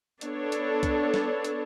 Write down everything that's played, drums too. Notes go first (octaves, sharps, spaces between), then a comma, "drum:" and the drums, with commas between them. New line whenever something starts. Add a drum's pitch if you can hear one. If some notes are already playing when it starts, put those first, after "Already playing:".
B3 D4 A4 C#5, drum: hi-hat
drum: hi-hat
drum: kick C2, hi-hat
drum: snare
drum: hi-hat